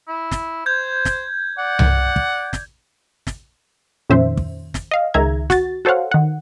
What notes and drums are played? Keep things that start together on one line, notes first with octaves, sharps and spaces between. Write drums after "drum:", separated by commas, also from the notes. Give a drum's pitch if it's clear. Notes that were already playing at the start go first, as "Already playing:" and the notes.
E4
drum: snare
C5 G6 G#6
drum: snare
D5 F#5
drum: tom C2
drum: kick
drum: snare
drum: snare
F2 A#2 D#3 C#4 C5 E5
drum: kick
drum: snare
D#5 F5
C#2 D#3 G#4 E5 A#5 G#6
F#4 A6, drum: snare
F#4 A4 C5 C#5 F5 F#5
D#3 F#5